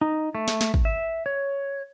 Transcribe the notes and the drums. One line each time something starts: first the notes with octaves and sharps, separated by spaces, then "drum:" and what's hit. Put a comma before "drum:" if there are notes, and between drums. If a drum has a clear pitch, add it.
D#4
A3
drum: snare
drum: snare
drum: kick
E5
C#5